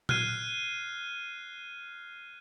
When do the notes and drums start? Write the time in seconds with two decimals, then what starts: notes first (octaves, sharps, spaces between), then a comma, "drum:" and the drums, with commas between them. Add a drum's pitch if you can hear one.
0.09 F6 F#6 G#6 C7 D#7, drum: tom A#2